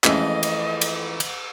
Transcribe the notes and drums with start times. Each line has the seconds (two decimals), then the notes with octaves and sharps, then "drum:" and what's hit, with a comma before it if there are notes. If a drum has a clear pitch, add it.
0.04 F2 E3 G#3 A3 C#4 D#5, drum: clap
0.43 drum: cymbal
0.81 drum: cymbal
1.20 drum: cymbal